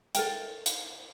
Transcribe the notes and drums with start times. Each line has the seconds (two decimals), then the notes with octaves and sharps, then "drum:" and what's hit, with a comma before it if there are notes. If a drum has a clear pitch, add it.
0.15 A4 A#4 G5, drum: hi-hat
0.66 drum: hi-hat